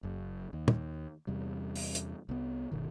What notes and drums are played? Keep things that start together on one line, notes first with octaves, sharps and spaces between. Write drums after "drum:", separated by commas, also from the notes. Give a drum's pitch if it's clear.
F#1 F#2
D#2
drum: tom
E2 C3 G3
drum: open hi-hat
drum: hi-hat
C2 B3
G1 B2 D#3